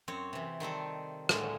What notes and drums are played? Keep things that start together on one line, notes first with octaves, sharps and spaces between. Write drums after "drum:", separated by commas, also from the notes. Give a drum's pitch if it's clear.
F#2 C4 C#5
C3 E3
D#3 G3 C4 A4
A2 D3 F#3 G#3 A#3, drum: rim click